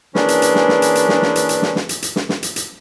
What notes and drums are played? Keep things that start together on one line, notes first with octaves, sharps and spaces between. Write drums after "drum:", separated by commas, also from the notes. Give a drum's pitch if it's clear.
E3 A#3 C#4 D4 G#4 B4, drum: snare
drum: hi-hat
drum: hi-hat
drum: snare
drum: snare
drum: hi-hat
drum: hi-hat
drum: snare
drum: snare
drum: hi-hat
drum: hi-hat
drum: snare
drum: snare
drum: hi-hat
drum: hi-hat
drum: snare
drum: snare
drum: hi-hat
drum: hi-hat